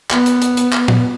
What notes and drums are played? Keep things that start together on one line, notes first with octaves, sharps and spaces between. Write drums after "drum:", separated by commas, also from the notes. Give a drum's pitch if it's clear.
B3, drum: clap
drum: hi-hat
drum: hi-hat
drum: hi-hat
drum: clap
drum: tom A#2